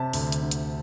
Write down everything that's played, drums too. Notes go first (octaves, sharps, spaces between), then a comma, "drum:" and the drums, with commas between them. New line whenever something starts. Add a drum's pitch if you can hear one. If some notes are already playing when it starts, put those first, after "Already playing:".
Already playing: C3 A5
D2, drum: open hi-hat
drum: hi-hat
D3
drum: hi-hat